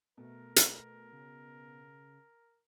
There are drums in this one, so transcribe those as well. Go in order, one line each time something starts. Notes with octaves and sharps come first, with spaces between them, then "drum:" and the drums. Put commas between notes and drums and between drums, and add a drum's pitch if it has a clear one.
B2 A3 A#4
drum: hi-hat
C#3